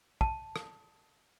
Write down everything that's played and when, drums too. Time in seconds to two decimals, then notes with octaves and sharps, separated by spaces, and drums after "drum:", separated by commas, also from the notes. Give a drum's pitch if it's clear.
0.21 A5, drum: kick
0.56 drum: rim click